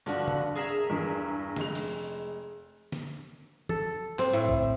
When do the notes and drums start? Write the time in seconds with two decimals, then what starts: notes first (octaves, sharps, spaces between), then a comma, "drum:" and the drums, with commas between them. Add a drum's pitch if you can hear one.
0.06 G2 D3 F3 F#4
0.28 drum: tom
0.55 G#4 A#4 E5
0.89 E2 G2
1.56 F1 G#3 F7, drum: snare
1.75 drum: open hi-hat
2.92 drum: snare
3.69 A4, drum: tom
4.19 C4, drum: clap
4.33 A2, drum: hi-hat
4.49 drum: kick